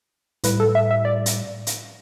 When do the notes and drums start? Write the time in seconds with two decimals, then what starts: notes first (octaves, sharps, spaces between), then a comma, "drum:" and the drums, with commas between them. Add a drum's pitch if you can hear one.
0.44 A2 G3 B4, drum: hi-hat
0.60 A4
0.75 E5
0.91 E5
1.05 D5
1.26 drum: hi-hat
1.67 drum: hi-hat